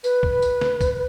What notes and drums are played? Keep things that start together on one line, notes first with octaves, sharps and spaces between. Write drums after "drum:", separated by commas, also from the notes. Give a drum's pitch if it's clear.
B4, drum: tambourine
drum: kick
drum: tambourine
drum: snare
drum: kick, tambourine